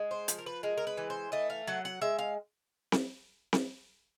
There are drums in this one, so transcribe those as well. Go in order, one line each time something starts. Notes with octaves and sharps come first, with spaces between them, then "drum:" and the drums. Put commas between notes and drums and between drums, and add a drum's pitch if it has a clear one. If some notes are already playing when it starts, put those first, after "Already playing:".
Already playing: G#3
C5
F3, drum: hi-hat
A#4
B4
G#3 A#4
A#4
B4
E3
C5
A3 D#5
F5
F#3 F#5
F#5
G#3 E5
F5
drum: snare C4
drum: snare C4